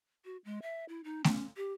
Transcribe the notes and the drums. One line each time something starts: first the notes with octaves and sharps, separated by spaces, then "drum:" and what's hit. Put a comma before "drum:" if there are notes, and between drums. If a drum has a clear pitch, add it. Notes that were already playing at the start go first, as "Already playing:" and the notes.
F#4
G#3
E5
E4
D#4
C#4, drum: snare A3
G4